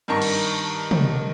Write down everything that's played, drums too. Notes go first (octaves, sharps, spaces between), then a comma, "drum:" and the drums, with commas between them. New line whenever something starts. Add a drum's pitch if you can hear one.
G2 D#3 A5 A#5 C#6
drum: cymbal
drum: tom